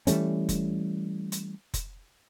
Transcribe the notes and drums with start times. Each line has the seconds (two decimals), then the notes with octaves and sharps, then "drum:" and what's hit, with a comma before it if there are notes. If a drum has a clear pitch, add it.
0.07 E3 G3 A3 C#4, drum: hi-hat
0.49 drum: kick F1, hi-hat
1.32 drum: hi-hat
1.74 drum: kick F1, hi-hat